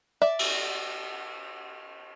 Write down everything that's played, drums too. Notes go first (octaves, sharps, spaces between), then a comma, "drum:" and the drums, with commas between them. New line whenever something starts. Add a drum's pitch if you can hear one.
D5 E5
drum: cymbal